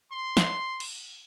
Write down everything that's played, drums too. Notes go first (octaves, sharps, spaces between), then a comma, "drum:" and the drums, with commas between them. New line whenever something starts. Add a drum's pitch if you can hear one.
C6
drum: snare
drum: cymbal